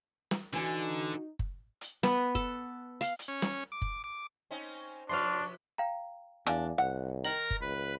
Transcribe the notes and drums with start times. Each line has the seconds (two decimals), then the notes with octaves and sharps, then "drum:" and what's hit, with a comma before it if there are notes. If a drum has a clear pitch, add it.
0.31 drum: snare
0.53 D3 E3 D#4 F#4 G#5
1.39 drum: kick F#1
1.81 drum: hi-hat
2.03 B3, drum: snare
2.35 A4, drum: kick F#1
3.01 F5, drum: hi-hat
3.19 drum: hi-hat
3.28 C#4
3.42 drum: snare
3.72 D6
3.82 drum: kick F#1
4.04 D6
4.51 C4 C#4 D#4
5.09 C3 F3 D4 B4 C6 C#6 F6
5.78 F5 G5 A#5
6.47 E2 D4 F5 G#5, drum: rim click
6.78 C2 F#5
7.25 D#3 A#4 A#6 F#7
7.50 drum: kick F#1
7.61 C#2 B4